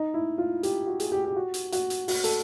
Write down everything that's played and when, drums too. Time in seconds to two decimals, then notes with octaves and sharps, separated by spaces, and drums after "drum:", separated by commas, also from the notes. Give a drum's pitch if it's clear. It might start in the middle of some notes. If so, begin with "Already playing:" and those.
Already playing: D#4
0.14 E4
0.38 F4
0.63 G4, drum: hi-hat
0.87 F#4
1.00 G#4, drum: hi-hat
1.12 G4
1.25 G4
1.36 F#4
1.54 drum: hi-hat
1.72 F#4, drum: hi-hat
1.90 drum: hi-hat
2.08 F#4, drum: open hi-hat
2.24 A4, drum: hi-hat